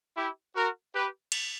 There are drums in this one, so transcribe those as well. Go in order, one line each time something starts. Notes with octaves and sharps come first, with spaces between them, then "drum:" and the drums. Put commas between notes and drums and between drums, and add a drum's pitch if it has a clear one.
E4 G4
F#4 A#4
G4 B4
drum: cymbal